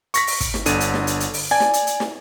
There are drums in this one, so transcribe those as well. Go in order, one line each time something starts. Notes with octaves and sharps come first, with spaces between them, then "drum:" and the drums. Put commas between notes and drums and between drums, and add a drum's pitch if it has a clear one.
C#6 A#6 B6, drum: hi-hat
drum: open hi-hat
drum: kick, hi-hat
drum: snare
G1 D3 D#7, drum: hi-hat
drum: hi-hat
drum: snare
drum: hi-hat
drum: hi-hat
drum: open hi-hat
D5 G#5
drum: snare
drum: hi-hat
drum: hi-hat
drum: snare